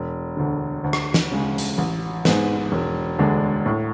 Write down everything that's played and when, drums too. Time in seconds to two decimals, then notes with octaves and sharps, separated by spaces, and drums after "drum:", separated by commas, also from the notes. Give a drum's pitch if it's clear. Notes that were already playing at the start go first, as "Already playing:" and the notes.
Already playing: E1
0.37 D2 D3
0.84 D2
0.93 drum: rim click
1.14 drum: snare
1.32 C#3 G#3
1.58 drum: hi-hat
1.78 A1
2.25 G#2 G#3 B3, drum: snare
2.72 E1
3.19 D2 D3 G#3 D4
3.66 A2